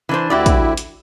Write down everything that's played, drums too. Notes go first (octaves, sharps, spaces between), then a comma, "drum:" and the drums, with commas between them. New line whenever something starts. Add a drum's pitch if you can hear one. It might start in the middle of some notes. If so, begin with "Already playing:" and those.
E3 D4 C5
D2 E4 F#4 G4 D5
drum: kick, hi-hat
drum: hi-hat